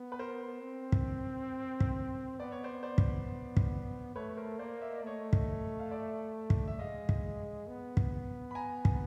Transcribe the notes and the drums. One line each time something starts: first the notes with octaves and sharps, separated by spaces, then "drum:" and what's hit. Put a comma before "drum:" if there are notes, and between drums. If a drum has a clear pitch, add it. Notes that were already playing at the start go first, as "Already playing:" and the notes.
Already playing: B3
B4
A#4 C5
C4
drum: kick
drum: kick
B3 D5
C#5
C5 D5
C5 D5
drum: kick
drum: kick
A3 B4 C#5
A#4 C5
A#3 C5 D5
E5
D#5
D5
A3 C#5 D#5
drum: kick
F5
D5 E5
drum: kick
E5
G#3 D#5 F5
drum: kick
B3
drum: kick
B5
G#5 A#5
drum: kick